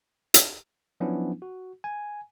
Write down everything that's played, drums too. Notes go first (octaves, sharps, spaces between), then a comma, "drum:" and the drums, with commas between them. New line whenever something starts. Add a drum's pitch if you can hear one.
drum: hi-hat
F3 F#3 B3 C#4 D4 E4
F#4
G#5